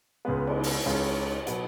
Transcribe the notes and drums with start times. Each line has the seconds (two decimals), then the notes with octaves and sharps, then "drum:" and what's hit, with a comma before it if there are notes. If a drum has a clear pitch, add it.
0.25 C#2 C#3 G#3 B3 B4
0.47 drum: cymbal
0.63 drum: open hi-hat
0.86 C#2 C#3 G#3 C#4
1.47 B2 F#3 B3, drum: hi-hat